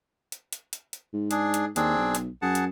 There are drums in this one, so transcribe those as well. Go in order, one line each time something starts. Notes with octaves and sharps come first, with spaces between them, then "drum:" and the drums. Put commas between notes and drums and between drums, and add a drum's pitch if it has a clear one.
drum: hi-hat
drum: hi-hat
drum: hi-hat
drum: hi-hat
G#2
D4 G#4, drum: hi-hat
drum: hi-hat
D#2 C4 D4 G#4, drum: hi-hat
B1
drum: hi-hat
F#2 G#4 F#5 A5
drum: hi-hat